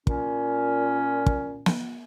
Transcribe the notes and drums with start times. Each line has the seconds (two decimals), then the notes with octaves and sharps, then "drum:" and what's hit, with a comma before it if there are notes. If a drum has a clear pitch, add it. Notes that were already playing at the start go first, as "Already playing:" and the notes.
0.07 A#2 C#4, drum: kick
1.26 drum: kick
1.66 drum: snare